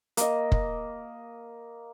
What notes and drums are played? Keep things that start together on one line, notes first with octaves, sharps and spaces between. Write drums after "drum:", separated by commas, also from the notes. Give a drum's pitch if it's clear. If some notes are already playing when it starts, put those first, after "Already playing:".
A#3 D#5, drum: hi-hat
drum: kick